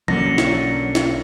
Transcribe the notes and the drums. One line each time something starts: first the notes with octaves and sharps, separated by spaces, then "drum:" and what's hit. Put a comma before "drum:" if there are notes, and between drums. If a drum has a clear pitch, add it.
B1 D3 F#3 A#3 C#4 A#6, drum: tom E3
drum: snare
drum: snare